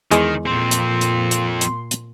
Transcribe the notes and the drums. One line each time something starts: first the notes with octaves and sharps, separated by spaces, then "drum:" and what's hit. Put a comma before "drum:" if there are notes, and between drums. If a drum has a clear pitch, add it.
E2 D#3 G#3, drum: hi-hat
F2 A#2 C4 C6
drum: hi-hat
drum: hi-hat
drum: hi-hat
drum: hi-hat
drum: hi-hat